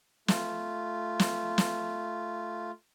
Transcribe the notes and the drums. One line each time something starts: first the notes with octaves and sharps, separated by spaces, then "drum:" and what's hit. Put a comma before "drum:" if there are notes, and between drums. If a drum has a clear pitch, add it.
A3 F4, drum: snare
drum: snare
drum: snare